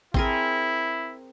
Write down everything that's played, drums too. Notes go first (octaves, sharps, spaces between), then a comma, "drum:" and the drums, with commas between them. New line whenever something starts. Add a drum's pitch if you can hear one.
C4 E4 G#4 A#4, drum: kick